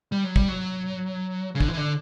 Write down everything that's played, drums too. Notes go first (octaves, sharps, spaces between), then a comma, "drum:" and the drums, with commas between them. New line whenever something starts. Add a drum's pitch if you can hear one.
G3
F#3
G3, drum: kick
F#3
C#3
D3, drum: kick
E3
D3